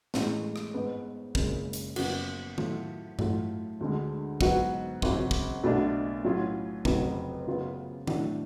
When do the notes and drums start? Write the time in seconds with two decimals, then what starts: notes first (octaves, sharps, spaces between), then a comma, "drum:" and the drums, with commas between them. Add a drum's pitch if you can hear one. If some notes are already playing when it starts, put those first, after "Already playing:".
0.14 A1 A2 G#3, drum: snare
0.56 drum: rim click
0.74 G#2 G#3 B3
1.35 F#1 F#2 C#3 G#3, drum: kick
1.73 drum: hi-hat
1.96 F#1 F#2 F3 B3 F#4, drum: cymbal
2.58 A2 F#3 A3 F4, drum: tom D#3
3.19 A2 F#3 A3 F4, drum: tom G2
3.81 D2 D3 G#3
4.41 G#2 F#3 B3 F#4, drum: kick
5.02 G#1 F#2 C#3 F#3, drum: kick
5.31 drum: kick
5.63 B1 B2 A3 D4
6.25 A2 F#3 C#4 F4
6.85 F1 F2 C#3 F#3, drum: kick
7.47 F#2 C#3 F#3 B3 F4
8.08 A2 F#3 A3 D4, drum: tom D#3